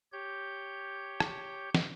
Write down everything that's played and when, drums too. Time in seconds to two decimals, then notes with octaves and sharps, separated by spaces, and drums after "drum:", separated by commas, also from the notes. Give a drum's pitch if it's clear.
0.12 G4 C#5 G6
1.20 drum: rim click
1.75 drum: snare